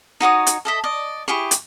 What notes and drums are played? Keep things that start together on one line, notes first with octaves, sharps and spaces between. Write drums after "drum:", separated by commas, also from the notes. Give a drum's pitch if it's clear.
D#4 F#4 C#5 D#6
drum: hi-hat
A4 D#5 E5
D5 D#5
E4 G4 G#4 C#6
drum: hi-hat